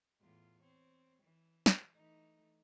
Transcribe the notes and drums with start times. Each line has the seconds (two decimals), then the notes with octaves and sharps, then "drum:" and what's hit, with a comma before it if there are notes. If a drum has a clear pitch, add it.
0.20 E2 A2 F4
0.63 C4 C#5
1.22 E3
1.66 drum: snare
1.94 E3 A3 D#4